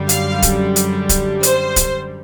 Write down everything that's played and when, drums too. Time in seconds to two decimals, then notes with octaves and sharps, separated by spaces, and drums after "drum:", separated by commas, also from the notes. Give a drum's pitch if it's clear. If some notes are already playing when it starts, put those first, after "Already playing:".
Already playing: F#2 D3 G3
0.09 F5, drum: hi-hat
0.42 drum: kick D1, hi-hat
0.76 drum: hi-hat
1.09 drum: kick D1, hi-hat
1.43 C5, drum: hi-hat
1.76 drum: kick D1, hi-hat